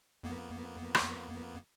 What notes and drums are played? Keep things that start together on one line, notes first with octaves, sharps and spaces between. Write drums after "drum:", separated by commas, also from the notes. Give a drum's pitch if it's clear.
F2 A#3 B3
drum: rim click